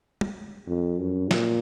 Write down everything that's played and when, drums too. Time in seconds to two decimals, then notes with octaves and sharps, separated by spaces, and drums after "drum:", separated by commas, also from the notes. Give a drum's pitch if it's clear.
0.21 drum: tom
0.67 F2
0.99 F#2
1.31 A#2, drum: snare